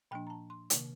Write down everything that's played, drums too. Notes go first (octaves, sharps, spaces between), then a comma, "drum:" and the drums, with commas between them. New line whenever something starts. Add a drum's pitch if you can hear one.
A#2 F3 A#3 D4 G5
A#5
A5
C6
C3 D#3 A#3, drum: hi-hat